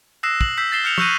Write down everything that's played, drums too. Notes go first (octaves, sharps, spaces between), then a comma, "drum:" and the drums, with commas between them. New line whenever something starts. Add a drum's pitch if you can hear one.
D#6 E6 F#6 A#6 C7 E7
F#7, drum: kick
E6 G6 B6 C7
A6 A#6 C7 E7 G7
F6 G6 C#7 F7
C#6 E6 F#6 G6 A#6 D#7, drum: tom